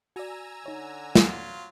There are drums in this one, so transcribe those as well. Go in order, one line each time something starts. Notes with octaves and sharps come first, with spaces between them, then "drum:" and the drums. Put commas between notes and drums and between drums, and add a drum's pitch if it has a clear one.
F#4 D5 G#5 A#5 E6
D3 D#4 C#5
F#3 F4, drum: snare